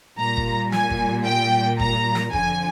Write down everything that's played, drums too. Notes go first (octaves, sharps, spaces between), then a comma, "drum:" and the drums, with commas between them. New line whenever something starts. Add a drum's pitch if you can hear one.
A#2 G3 A#5
drum: kick
G#5, drum: snare
drum: kick
G5
A#5, drum: kick
drum: snare
F2 D3 F3 G#5, drum: kick